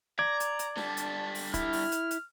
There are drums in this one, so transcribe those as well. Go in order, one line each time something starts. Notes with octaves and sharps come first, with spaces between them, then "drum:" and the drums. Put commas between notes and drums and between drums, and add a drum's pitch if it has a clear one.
D5 A#5 G#6
drum: hi-hat
drum: hi-hat
D3 G3 A5, drum: snare
drum: hi-hat
drum: open hi-hat
E4 F6, drum: kick, hi-hat
drum: open hi-hat
drum: hi-hat
drum: hi-hat